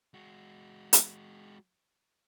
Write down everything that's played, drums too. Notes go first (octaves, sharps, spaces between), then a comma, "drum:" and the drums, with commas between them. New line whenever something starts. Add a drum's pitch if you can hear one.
G#3 F#4
drum: hi-hat